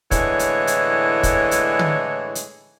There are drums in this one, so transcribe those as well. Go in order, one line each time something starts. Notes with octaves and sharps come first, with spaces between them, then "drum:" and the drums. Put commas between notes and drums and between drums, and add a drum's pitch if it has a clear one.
A2 D3 E3 G#3 C#5, drum: kick, hi-hat
drum: hi-hat
drum: hi-hat
drum: kick, hi-hat
drum: hi-hat
drum: tom
drum: hi-hat